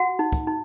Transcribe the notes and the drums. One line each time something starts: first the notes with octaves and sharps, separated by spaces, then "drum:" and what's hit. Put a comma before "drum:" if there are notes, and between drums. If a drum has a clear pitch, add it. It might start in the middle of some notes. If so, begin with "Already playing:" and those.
Already playing: F#4 F#5
D#4
drum: kick
D#4